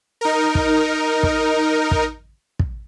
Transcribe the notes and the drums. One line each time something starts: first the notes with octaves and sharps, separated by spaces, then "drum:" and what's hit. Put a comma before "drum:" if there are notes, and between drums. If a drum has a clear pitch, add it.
D#4 A#4
drum: kick
drum: kick
drum: kick
drum: kick